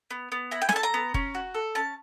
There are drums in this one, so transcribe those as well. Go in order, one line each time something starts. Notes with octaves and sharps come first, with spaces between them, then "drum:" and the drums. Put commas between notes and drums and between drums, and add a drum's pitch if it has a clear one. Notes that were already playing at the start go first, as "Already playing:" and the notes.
B3
B3
E4 A#5
G5
G#5, drum: snare
A4 A5
A#5
B3
C#4, drum: kick F#1
F#4
A4
C#4 A5